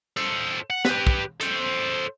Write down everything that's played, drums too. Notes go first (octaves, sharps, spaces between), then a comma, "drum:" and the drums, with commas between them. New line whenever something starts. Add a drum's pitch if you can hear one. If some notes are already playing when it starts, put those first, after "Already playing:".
A4 C5, drum: tambourine
F#5
G4 B4, drum: snare
drum: kick
A4 C5, drum: hi-hat